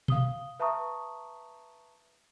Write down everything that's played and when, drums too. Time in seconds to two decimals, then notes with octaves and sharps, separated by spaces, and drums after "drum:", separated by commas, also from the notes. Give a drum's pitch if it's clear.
0.08 F5 D#6 G7, drum: tom B2
0.60 B4 E5 A5 A#5 C#6 D#6